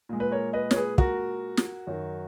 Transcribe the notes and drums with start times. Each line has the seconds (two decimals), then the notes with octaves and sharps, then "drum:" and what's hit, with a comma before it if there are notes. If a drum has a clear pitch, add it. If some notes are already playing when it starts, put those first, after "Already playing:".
0.09 A#2 G#3
0.20 B4
0.31 A#4 C#5
0.53 B4 D#5
0.71 C#5, drum: snare
0.76 G#4 B4
0.98 F#4 A#4, drum: kick
1.57 drum: snare
1.87 F#2 D#3 F#3